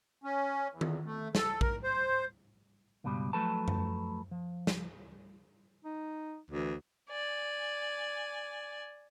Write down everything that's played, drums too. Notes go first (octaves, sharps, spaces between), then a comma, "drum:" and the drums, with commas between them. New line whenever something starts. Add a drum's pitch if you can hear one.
C#4
E2
drum: tom D#3
A3
A4, drum: snare
A#4, drum: kick A#1
C5
C#2 G2 B2 G3
F3 F#3 A3 A4 B4 A5
drum: tom F#2
F3
drum: snare
D#4
D2 E3
D5 G#5